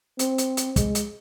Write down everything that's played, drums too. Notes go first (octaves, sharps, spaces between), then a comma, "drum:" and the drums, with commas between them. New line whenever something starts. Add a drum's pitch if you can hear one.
C4, drum: hi-hat
drum: hi-hat
drum: hi-hat
G#3, drum: kick, hi-hat
drum: hi-hat